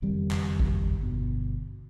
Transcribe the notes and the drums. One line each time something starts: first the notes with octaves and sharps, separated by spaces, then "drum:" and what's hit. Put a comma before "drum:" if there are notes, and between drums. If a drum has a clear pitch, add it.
F#1 F2 D#3 G3
drum: clap
drum: kick G#1
G1 B2